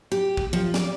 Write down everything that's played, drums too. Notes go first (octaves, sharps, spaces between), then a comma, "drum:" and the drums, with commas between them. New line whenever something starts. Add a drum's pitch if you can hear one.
G4
drum: kick A#1
F3
D5, drum: snare